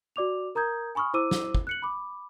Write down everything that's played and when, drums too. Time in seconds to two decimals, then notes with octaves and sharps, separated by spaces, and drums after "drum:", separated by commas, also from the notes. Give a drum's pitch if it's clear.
0.16 F#4 D5 D6 F7
0.55 A#4 A#5 D#6 G6 G#6
0.95 G#5 B5 C#6 D#6 F6
1.14 E4 C5 D6 E6 D#7
1.31 drum: snare
1.55 drum: kick
1.67 F#6 C#7 F#7
1.82 B5 D6